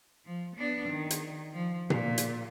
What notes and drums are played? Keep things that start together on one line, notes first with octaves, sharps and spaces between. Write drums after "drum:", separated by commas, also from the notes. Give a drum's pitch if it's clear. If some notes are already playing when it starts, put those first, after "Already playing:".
F3
B3 D4
D#3
drum: hi-hat
F3
A#2, drum: tom B2
drum: hi-hat